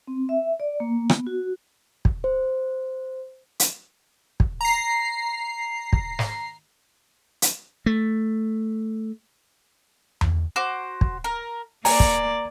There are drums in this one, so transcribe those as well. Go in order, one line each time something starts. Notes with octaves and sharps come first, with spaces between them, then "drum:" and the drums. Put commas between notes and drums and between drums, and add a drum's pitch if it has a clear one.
C4
E5
D5
A#3
B3, drum: rim click
F#4
drum: kick
C5
drum: hi-hat
drum: kick
A#5 C7
drum: kick
drum: snare
drum: hi-hat
A3
drum: tom E2
F#4 C5 D6
drum: kick
A#4
A#3 D5 G#5 A#5, drum: open hi-hat
drum: kick